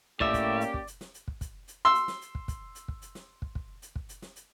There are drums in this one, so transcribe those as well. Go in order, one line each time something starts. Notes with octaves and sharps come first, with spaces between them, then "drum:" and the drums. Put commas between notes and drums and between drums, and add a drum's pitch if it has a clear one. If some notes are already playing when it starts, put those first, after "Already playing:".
A2 A#3 C#4 G4 D5 E5, drum: kick
drum: kick, hi-hat
drum: hi-hat
drum: kick
drum: hi-hat
drum: snare
drum: hi-hat
drum: kick
drum: kick, hi-hat
drum: hi-hat
C6 E6
drum: hi-hat
drum: snare
drum: hi-hat
drum: kick
drum: kick, hi-hat
drum: hi-hat
drum: kick
drum: hi-hat
drum: snare
drum: kick
drum: kick
drum: hi-hat
drum: kick
drum: hi-hat
drum: snare
drum: hi-hat